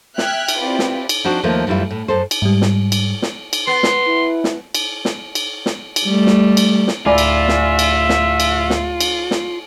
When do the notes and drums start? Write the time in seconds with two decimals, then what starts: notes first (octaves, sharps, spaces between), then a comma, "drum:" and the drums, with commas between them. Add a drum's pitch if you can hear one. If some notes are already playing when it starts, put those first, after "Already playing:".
0.18 E5 G5 F6 F#6 G#6, drum: snare
0.49 drum: cymbal
0.59 C4 E4 F4 G4 B4 D5
0.79 drum: snare
1.09 drum: cymbal
1.24 F3 C4 D4 D#4 F#4
1.43 D#2 F3 A3 A#3
1.67 F#2 E3 G3 E4 F4
1.91 A2
2.08 F#2 A4 C5
2.31 drum: cymbal
2.42 G#2 G3
2.62 drum: snare
2.92 drum: cymbal
3.22 drum: snare
3.53 drum: cymbal
3.67 B3 C6
3.83 drum: snare
4.08 E4
4.44 drum: snare
4.75 drum: cymbal
5.05 drum: snare
5.35 drum: cymbal
5.66 drum: snare
5.96 drum: cymbal
6.07 G3 A3
6.27 drum: snare
6.57 drum: cymbal
6.87 drum: snare
7.06 D1 F4 A#4 D5 E5 G#5 B5
7.18 drum: cymbal
7.48 drum: snare
7.79 drum: cymbal
8.09 drum: snare
8.40 drum: cymbal
8.70 drum: snare
9.00 drum: cymbal
9.31 drum: snare